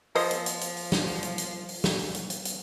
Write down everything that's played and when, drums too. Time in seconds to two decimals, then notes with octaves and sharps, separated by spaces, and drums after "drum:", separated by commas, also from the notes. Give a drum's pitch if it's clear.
0.15 F3 G#3 C5 D#5, drum: open hi-hat
0.31 drum: hi-hat
0.46 drum: hi-hat
0.61 drum: hi-hat
0.77 drum: open hi-hat
0.92 drum: snare
1.07 drum: open hi-hat
1.23 drum: hi-hat
1.38 drum: hi-hat
1.69 drum: open hi-hat
1.84 drum: snare
1.99 drum: open hi-hat
2.15 drum: hi-hat
2.30 drum: hi-hat
2.45 drum: hi-hat